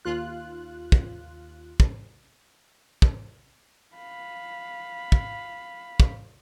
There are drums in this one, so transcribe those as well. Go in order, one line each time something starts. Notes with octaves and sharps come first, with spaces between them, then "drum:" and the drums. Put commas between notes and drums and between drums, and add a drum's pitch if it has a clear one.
D#2 F4 F#6
drum: kick
drum: kick
drum: kick
F5 B5
drum: kick
drum: kick